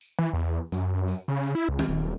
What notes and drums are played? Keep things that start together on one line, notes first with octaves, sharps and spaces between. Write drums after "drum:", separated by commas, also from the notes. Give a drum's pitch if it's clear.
drum: tambourine
E3
E2
F#2, drum: tambourine
drum: tambourine
C#3
drum: tambourine
E4
C#2
drum: tom
D#1